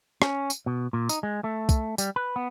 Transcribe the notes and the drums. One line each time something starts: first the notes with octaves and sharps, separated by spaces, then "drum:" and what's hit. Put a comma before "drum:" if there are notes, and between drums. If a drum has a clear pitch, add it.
C#4, drum: rim click
drum: tambourine
B2
A#2
D#4, drum: tambourine
G#3
A3
drum: kick, tambourine
G3, drum: tambourine
B4
B3